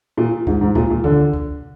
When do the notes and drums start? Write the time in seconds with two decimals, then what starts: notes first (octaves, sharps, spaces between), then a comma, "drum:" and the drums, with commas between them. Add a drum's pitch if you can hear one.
0.17 A#2
0.47 G#2, drum: kick
0.61 G#2
0.75 A#2, drum: kick
0.90 A#2
1.04 D3, drum: kick
1.34 drum: kick